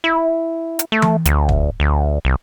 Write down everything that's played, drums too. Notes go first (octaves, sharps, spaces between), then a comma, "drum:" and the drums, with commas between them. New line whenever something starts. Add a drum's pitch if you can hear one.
E4
drum: hi-hat
A3
drum: tom E3
D2, drum: hi-hat
drum: kick
D2
C2